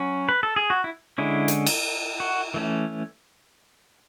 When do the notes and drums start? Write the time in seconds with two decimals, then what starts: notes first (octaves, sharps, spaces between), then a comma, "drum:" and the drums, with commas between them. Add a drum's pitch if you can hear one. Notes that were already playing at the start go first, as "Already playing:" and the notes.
Already playing: F#3 C#4
0.29 B4
0.43 A4
0.56 G#4
0.70 F#4
0.84 E4
1.18 D3 G#3 C#4 E4
1.48 drum: hi-hat
1.66 drum: cymbal
2.20 F#4
2.54 E3 A3 C#4